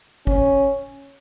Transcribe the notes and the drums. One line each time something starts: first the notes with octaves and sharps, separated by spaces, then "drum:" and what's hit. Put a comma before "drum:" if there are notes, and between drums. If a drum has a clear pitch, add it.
C#4, drum: kick